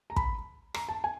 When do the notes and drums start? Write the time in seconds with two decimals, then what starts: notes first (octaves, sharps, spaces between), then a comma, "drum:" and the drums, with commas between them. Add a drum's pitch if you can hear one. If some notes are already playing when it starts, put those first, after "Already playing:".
0.10 A#5
0.16 B5, drum: kick
0.74 A#5, drum: rim click
0.89 A5
1.04 G#5